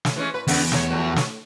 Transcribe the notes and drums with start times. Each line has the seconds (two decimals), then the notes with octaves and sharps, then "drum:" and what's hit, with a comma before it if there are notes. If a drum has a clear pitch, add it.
0.05 drum: snare
0.16 E3 G#3 C#4
0.34 A2 B4
0.48 E2 C#3 B3, drum: open hi-hat
0.72 G#3 C#5, drum: snare
0.90 B2 F3 A3
1.16 drum: snare